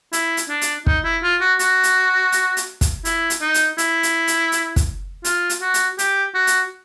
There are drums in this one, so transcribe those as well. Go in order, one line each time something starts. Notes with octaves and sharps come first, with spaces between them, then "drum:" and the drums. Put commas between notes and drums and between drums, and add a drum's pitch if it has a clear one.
E4, drum: hi-hat
drum: hi-hat
D4
drum: hi-hat
D#4, drum: kick
E4
F4
F#4
F#4, drum: hi-hat
drum: hi-hat
drum: hi-hat
drum: hi-hat
drum: kick, hi-hat
E4, drum: hi-hat
drum: hi-hat
D#4
drum: hi-hat
E4, drum: hi-hat
drum: hi-hat
drum: hi-hat
drum: hi-hat
drum: kick, hi-hat
F4, drum: hi-hat
drum: hi-hat
F#4
drum: hi-hat
G4, drum: hi-hat
F#4
drum: hi-hat